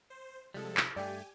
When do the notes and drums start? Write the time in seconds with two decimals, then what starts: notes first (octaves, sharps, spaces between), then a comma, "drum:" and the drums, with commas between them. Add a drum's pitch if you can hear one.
0.10 C5
0.54 C3 F3 G3 G#3 A4
0.77 drum: clap
0.96 G2 A3 G4 D5 G5 G#5